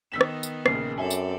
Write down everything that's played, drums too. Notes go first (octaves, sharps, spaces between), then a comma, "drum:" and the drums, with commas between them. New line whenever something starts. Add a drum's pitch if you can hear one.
D#3 B3 E6 B6 E7
drum: rim click
drum: tambourine
A#1 C#3 A#3 C7, drum: rim click
F#2 C4 A4 D5 E5 G#5
drum: tambourine